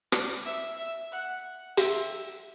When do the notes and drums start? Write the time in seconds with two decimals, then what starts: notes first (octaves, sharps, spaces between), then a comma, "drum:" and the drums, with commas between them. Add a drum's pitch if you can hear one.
0.12 D5, drum: rim click
0.46 E5
0.78 E5
1.12 F#5
1.77 E5, drum: hi-hat